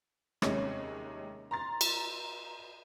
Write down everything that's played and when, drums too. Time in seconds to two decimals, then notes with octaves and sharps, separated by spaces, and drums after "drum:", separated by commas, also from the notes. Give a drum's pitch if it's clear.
0.42 D#2 C3 G#3 C#4, drum: rim click
1.51 A#5 C6 A6
1.81 drum: cymbal